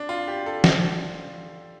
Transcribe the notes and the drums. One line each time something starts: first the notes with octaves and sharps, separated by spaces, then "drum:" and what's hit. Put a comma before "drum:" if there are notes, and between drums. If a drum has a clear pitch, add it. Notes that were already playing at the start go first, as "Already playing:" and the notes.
Already playing: D4
F4
G4
A4
drum: snare